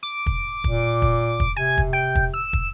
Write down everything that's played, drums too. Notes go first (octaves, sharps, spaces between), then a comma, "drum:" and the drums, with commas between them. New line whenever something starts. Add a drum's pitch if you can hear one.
D6
drum: kick
A#2, drum: kick
drum: kick
drum: kick
C3 G#5
drum: kick
G5
drum: kick
E6
drum: kick